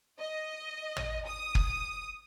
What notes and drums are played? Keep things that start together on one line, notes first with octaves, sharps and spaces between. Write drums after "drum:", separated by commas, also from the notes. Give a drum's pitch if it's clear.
D#5
drum: tom
D#6
drum: kick